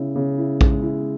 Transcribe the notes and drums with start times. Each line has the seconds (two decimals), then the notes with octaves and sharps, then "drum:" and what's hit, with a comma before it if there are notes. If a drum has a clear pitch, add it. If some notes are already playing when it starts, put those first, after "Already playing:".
Already playing: C#3 E4
0.16 C#3
0.38 E4
0.61 G#3, drum: kick A#1
0.82 E4